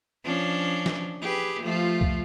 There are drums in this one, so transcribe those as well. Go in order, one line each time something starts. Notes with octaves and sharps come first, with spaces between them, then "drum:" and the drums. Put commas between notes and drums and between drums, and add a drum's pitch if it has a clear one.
F3 C#4 D4
drum: snare
G4 G#4 B4
F3 A3 F4
drum: kick